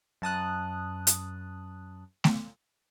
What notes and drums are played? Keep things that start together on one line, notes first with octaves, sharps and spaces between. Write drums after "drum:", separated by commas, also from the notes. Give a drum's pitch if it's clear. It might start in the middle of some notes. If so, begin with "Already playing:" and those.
F#2 A5 D#6 F#6
drum: hi-hat
drum: snare A3